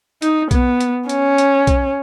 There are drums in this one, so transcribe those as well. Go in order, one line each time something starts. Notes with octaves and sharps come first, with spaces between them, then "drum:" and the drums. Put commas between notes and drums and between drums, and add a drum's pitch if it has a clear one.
D#4, drum: hi-hat
B3, drum: kick B1, hi-hat
drum: hi-hat
C#4, drum: hi-hat
drum: hi-hat
drum: kick B1, hi-hat